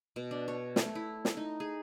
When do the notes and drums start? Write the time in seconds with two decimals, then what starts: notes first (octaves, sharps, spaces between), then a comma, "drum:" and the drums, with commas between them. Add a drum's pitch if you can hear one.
0.16 B2
0.31 D4
0.48 C#5
0.76 A3, drum: snare
0.95 E4
1.25 drum: snare
1.37 D#4
1.60 G#4